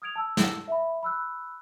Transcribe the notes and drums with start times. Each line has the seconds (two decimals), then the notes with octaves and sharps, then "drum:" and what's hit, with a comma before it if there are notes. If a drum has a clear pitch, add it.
0.02 D#6 F6 G#6 D7 F7
0.16 A5 E6
0.37 drum: snare
0.68 E5 B5
1.03 B5 E6 F#6